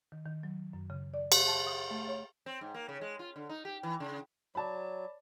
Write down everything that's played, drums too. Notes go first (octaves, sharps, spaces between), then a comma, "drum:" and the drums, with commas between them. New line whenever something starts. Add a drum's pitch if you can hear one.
D#3
D#3
F#3
F#2
C#3
D5
drum: cymbal
A5
D#6
A3
C#5
C4
G#2
A#3
C#3
G#3
F4
D3
D#4
G4
E3
C#3
F#3 C#5 D5 A5 B5